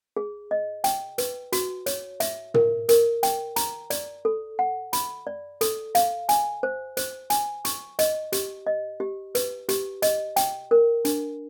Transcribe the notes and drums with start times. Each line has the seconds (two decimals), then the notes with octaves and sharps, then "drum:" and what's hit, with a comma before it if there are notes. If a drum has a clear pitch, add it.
0.17 G#4
0.51 D#5
0.84 G5, drum: hi-hat
1.18 B4, drum: hi-hat
1.52 F#4, drum: hi-hat
1.86 C#5, drum: hi-hat
2.20 E5, drum: hi-hat
2.54 A#4, drum: tom
2.89 A#4, drum: hi-hat
3.23 G5, drum: hi-hat
3.56 A#5, drum: hi-hat
3.90 D5, drum: hi-hat
4.25 A4
4.59 F#5
4.93 B5, drum: hi-hat
5.27 D5
5.61 A4, drum: hi-hat
5.95 F5, drum: hi-hat
6.29 G#5, drum: hi-hat
6.63 C5
6.97 C5, drum: hi-hat
7.30 G#5, drum: hi-hat
7.65 C#6, drum: hi-hat
7.99 D#5, drum: hi-hat
8.32 G4, drum: hi-hat
8.67 D#5
9.00 G4
9.35 B4, drum: hi-hat
9.69 G4, drum: hi-hat
10.02 D#5, drum: hi-hat
10.36 G5, drum: hi-hat
10.71 A#4
11.05 D4, drum: hi-hat